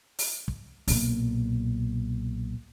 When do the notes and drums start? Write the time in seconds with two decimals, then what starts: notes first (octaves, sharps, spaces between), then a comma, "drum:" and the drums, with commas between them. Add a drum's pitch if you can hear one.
0.19 drum: open hi-hat
0.48 drum: kick
0.88 B1 A#2, drum: open hi-hat